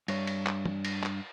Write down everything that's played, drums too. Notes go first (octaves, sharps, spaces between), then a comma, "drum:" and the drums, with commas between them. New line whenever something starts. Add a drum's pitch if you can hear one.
G2 C#5, drum: cymbal
drum: cymbal
drum: clap
drum: tom
drum: cymbal
drum: clap